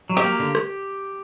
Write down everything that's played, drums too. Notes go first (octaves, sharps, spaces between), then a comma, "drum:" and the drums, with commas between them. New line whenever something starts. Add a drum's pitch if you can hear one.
F#3
G4, drum: snare
A#3
D3, drum: open hi-hat
drum: rim click